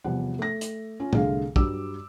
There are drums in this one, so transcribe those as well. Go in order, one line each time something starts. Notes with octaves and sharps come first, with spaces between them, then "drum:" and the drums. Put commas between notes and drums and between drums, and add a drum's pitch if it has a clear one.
E2 C3 F3 G3 F#5
A3 A#6
drum: hi-hat
C#4 F4
C2 A2 D3 G#4 F5, drum: tom
G2 F#3 G3 D6 E6, drum: kick